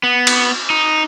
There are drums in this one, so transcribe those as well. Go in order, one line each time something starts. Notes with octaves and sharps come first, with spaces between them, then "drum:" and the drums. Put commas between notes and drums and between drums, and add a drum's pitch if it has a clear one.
B3
drum: cymbal
D#4